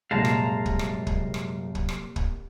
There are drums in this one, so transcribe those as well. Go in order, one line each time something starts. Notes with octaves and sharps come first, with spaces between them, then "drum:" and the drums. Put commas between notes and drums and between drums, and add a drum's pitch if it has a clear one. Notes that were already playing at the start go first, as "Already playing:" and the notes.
C2 F#2 A#2 G#3 F5 A5 A#5
drum: rim click
drum: kick
drum: rim click
drum: kick
drum: rim click
drum: kick
drum: rim click
drum: kick